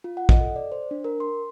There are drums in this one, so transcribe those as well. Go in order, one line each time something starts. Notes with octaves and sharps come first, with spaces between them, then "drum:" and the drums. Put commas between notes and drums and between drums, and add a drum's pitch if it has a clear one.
F4
F#5
D#5, drum: kick
A4
D5
C5
D4
A#4
C6